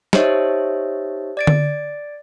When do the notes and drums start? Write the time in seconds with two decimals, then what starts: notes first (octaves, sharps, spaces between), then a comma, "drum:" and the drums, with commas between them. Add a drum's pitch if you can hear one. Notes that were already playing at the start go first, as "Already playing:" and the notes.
0.13 D#4 G4 C5 C#5 D#5 E5, drum: snare
1.37 D5 A6 D7
1.47 drum: tom D3